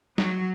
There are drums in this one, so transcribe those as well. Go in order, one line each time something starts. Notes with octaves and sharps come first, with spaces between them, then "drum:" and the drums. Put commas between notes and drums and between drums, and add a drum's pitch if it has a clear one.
F#3, drum: snare